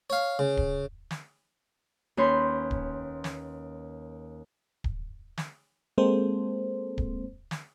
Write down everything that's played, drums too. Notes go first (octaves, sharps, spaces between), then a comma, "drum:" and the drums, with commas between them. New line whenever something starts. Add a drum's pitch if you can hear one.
C#5 F5
C#3
drum: kick D1
drum: snare
D#2 C#4 B4 C#5 C6 G6
drum: kick D1
drum: snare
drum: kick D1
drum: snare
G#3 A#3 C4 A4 C5
drum: kick D1
drum: snare